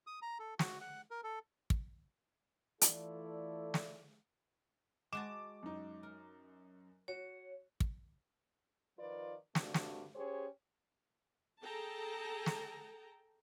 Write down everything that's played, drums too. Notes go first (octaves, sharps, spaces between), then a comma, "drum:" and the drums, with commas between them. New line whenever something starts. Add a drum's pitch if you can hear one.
D#6
A#5
A4
F#4, drum: snare
F#5
A#4
A4
drum: kick
E3 A3 E4 F4 A4 D5, drum: hi-hat
drum: snare
G#3 F#4 A5 D6 E7
F#2 D#4
A#4
F#4 C#5
drum: kick
D#3 F3 F4 B4 D5
G2 C3 A3 D4 F#4, drum: snare
drum: snare
C#4 G4 G#4 C5 C#5
G#4 A4 G5 A5 A#5
drum: snare